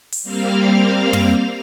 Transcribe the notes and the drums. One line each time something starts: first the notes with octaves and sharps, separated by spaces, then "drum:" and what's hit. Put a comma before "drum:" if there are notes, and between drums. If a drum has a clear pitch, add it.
drum: open hi-hat
G3 A#3 C4 F5 F6
drum: tom